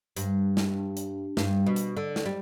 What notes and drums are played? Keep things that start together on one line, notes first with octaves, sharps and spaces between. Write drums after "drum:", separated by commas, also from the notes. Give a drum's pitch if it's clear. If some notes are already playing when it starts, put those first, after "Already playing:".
G2, drum: hi-hat
drum: snare
drum: hi-hat
G2, drum: snare
B2
drum: hi-hat
D3
drum: snare
G3